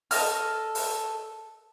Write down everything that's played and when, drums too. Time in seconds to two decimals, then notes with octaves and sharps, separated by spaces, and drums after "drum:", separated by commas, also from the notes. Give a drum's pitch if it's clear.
0.11 A4 D#5 F6, drum: open hi-hat
0.75 drum: open hi-hat